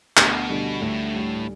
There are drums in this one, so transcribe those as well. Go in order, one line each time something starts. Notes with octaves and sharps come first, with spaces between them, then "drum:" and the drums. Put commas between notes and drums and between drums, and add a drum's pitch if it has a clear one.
D2 B2, drum: clap
D3 G3
D2 A2
D3 G3